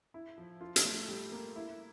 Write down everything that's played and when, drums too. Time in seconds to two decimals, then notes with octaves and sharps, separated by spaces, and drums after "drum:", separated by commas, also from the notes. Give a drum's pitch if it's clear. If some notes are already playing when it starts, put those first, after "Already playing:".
0.14 E4
0.38 F3
0.61 F4
0.76 drum: hi-hat
0.85 A3
1.08 G3
1.32 A#3
1.56 E4